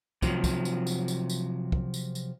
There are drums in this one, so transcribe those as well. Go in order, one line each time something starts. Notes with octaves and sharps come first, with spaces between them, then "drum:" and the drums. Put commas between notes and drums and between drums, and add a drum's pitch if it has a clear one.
C3 F3 F#3, drum: kick, tambourine
drum: kick, tambourine
drum: tambourine
drum: tambourine
drum: tambourine
drum: tambourine
drum: kick
drum: tambourine
drum: tambourine